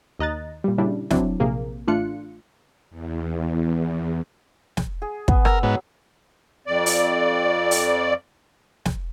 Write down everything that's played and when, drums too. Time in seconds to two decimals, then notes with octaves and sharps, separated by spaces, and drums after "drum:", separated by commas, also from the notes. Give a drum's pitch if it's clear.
0.19 D#2 D#5 A#5 F#6 A6
0.64 A#2 G3
0.78 A#2 C#3 G3 D4 E4
1.11 F#3 C4 D4 E4, drum: snare
1.40 A#1 C3 A#3 G#4
1.87 A1 A3 D4 F4 F#6 C#7
2.90 E2
4.77 drum: snare
5.02 G#4
5.28 B3, drum: kick
5.45 A#4 E6, drum: rim click
5.63 G#2 F#3 B3
6.67 F2 D5
6.86 drum: open hi-hat
7.71 drum: open hi-hat
8.85 drum: snare